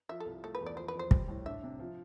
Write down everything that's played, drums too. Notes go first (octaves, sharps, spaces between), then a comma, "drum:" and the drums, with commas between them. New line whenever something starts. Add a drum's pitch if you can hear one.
F3 E5
A4
C2
A3 A4
B4
E2
D5
F3 C5
B4
F2
C5
G3, drum: kick
A2
D4 E5
C3
F3